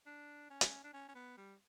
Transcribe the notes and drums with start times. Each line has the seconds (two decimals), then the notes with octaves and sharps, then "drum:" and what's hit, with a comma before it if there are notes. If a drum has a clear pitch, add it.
0.06 D4
0.50 C#4
0.61 drum: hi-hat
0.84 D4
0.93 C#4
1.09 C#4
1.15 B3
1.37 G3